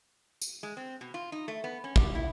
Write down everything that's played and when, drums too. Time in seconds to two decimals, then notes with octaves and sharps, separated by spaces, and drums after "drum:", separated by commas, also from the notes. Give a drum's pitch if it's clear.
0.42 drum: tambourine
0.63 G#3
0.77 C4
1.01 B2
1.14 F4
1.32 D#4
1.48 A3
1.64 B3
1.84 C#4
1.96 G3, drum: kick
2.15 E4